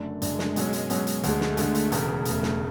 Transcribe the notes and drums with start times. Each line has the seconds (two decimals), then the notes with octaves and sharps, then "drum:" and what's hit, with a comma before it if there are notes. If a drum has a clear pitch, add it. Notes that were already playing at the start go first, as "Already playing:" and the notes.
Already playing: F#1 F#2 D3 A3 D4
0.22 F#1 F#2 D3 G#3 A3 D4, drum: hi-hat
0.39 drum: snare
0.56 B2 F#3 C#4, drum: hi-hat
0.73 drum: hi-hat
0.90 B2 F#3 C#4, drum: hi-hat
1.07 drum: hi-hat
1.23 D2 D3 G#3 A3, drum: hi-hat
1.41 drum: snare
1.57 D2 D3 G#3, drum: hi-hat
1.75 drum: hi-hat
1.92 E1 E2 C#3, drum: hi-hat
2.25 E1 E2 C#3 A3, drum: hi-hat
2.43 drum: snare